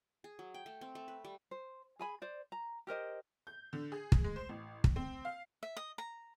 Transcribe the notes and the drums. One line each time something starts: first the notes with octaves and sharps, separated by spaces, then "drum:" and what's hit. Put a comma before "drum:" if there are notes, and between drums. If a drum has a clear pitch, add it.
G#4
F#3
G5
A3
C4
A3
B4
G3
C5
G#4 G#5 B5
C5 D5
A#5
G4 A#4 C5 D#5
G6
D3
G#4
drum: kick
G#3
C5
A1
drum: kick
C4
F5
E5
D#5
A#5